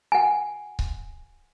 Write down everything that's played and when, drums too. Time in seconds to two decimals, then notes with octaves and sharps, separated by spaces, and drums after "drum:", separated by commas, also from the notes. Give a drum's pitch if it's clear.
0.12 F#5 G#5
0.79 drum: kick C#1